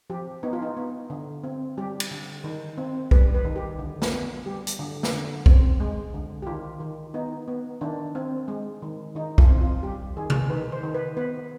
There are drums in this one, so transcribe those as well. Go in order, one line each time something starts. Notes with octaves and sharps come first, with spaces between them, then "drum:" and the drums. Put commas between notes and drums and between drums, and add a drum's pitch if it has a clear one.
F3 G4
B3 D#4
F4
D#4
B3
D3
C4
G3 G4
drum: cymbal
D3
D#3
C4
G3 B4, drum: kick B1
B4
D#3
G4
D3
drum: snare
B3
G3 G4
drum: hi-hat
D3
drum: snare
D3
C4, drum: kick B1
G#3
D3
G4
D#3 F4
D#3
B3 D#4
B3
D#3 D4
C4
G#3
D#3
D#3 D#4
F4, drum: kick B1
C4
F4
G3 G4
D#3 G#4
drum: tom C3
D#3 B4
C5
D#3
B4
B3 B4